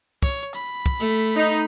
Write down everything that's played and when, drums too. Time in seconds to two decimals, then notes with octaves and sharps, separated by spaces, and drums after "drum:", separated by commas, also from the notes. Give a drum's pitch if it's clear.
0.23 C#5, drum: kick
0.55 B5
0.86 drum: kick
0.99 A3
1.36 D#4